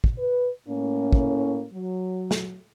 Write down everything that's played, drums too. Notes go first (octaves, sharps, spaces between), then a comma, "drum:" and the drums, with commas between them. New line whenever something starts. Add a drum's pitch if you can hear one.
drum: kick
B4
A2 A#3 C#4
drum: kick
F#3
drum: snare